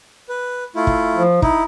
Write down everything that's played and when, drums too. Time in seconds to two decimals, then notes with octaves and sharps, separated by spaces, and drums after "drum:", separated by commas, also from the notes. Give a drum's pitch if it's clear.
0.29 B4
0.75 A3 E4 F4
0.87 drum: kick
1.16 F3
1.42 D#4 E4, drum: kick